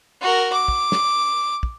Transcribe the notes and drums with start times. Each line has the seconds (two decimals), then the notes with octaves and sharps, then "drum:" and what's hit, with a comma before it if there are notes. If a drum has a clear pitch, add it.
0.21 F#4 A#4
0.53 D6
0.68 drum: kick
0.92 drum: snare
1.63 drum: kick